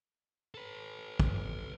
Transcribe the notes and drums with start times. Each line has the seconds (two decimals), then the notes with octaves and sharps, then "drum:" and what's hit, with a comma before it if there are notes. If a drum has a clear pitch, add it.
0.55 A4 B4
1.20 drum: kick